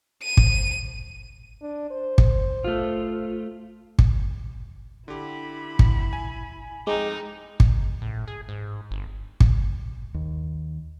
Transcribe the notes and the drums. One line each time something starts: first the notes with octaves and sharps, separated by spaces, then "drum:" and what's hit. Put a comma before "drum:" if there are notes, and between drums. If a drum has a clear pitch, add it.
D#7
drum: kick
D4
C5
drum: kick
A3 F4
drum: kick
D3 E4 G4 B5
drum: kick
G#5
F2 G#3 D#4 G5 D6
drum: kick
A2
G#4
G#2
G1
drum: kick
D#2